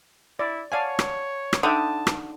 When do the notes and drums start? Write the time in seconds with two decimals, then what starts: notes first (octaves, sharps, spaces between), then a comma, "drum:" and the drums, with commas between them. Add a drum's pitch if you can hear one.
0.39 E4 D5
0.72 C#5 D5 F5 F#5 G#5 A5
0.99 drum: rim click
1.53 drum: rim click
1.63 D3 D#4 E5 G5 A5 D#6
2.07 drum: rim click